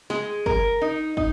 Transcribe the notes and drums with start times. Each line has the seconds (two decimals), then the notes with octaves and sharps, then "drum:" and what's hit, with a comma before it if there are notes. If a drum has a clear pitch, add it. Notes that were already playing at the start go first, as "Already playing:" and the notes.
0.10 G#3, drum: snare
0.46 A#4, drum: kick
0.81 D#4
1.17 D#4, drum: kick